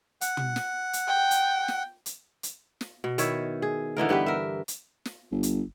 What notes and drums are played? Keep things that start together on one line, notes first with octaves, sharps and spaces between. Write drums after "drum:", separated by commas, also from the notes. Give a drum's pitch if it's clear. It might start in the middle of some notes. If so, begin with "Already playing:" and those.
F#5, drum: hi-hat
drum: tom
drum: snare
drum: hi-hat
G5
drum: hi-hat
drum: snare
drum: hi-hat
drum: hi-hat
drum: snare
B2
D#3 E4 C#5 E5, drum: hi-hat
G#4
D3 E3 D#4 A#4
G2 B3 G4 B4
A#4 E5
drum: hi-hat
drum: snare
G1
drum: hi-hat